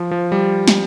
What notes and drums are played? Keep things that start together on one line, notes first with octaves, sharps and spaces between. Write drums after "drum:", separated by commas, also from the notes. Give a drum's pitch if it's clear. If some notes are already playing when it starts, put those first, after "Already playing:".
Already playing: F3
F3
G3
drum: snare